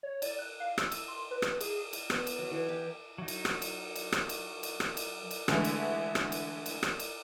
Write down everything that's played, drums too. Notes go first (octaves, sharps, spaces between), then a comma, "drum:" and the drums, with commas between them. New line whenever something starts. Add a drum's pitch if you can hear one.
C#5
D5, drum: cymbal
F#6
F5
E6, drum: rim click
drum: cymbal
C6
B4
drum: rim click
G#4, drum: cymbal
drum: cymbal
B3, drum: rim click
drum: cymbal
F#3
E3
G4
F#3 D#4
drum: cymbal
drum: rim click
drum: cymbal
drum: cymbal
drum: rim click
drum: cymbal
drum: cymbal
drum: rim click
drum: cymbal
drum: cymbal
D3 E3 G#3 A3 E4, drum: rim click
drum: cymbal
drum: rim click
drum: cymbal
drum: cymbal
drum: rim click
drum: cymbal